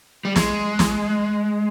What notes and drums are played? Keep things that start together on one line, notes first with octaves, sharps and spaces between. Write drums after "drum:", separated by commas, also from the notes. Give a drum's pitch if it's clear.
G3
G#3, drum: snare
drum: snare